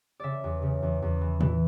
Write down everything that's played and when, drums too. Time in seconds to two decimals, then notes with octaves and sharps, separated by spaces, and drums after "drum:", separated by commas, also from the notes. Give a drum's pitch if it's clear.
0.20 C#3 D5 E5
0.44 E2
0.62 C#3
0.82 E2
1.02 E2
1.21 E3
1.41 E3, drum: tom A2